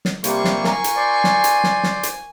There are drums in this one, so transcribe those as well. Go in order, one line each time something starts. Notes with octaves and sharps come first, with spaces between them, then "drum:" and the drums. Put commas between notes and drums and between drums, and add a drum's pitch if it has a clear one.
drum: snare
C3 G3 A#3 F4 C5 C#6, drum: hi-hat
drum: snare
A#4 G#5, drum: snare
drum: hi-hat
C5 D5
drum: snare
drum: hi-hat
drum: snare
drum: snare
drum: hi-hat